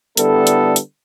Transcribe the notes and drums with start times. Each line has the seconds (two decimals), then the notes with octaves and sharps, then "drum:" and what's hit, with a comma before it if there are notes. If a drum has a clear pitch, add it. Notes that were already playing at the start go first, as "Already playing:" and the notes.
0.17 D3 G3 B3 E4 A4, drum: hi-hat
0.47 drum: hi-hat
0.76 drum: hi-hat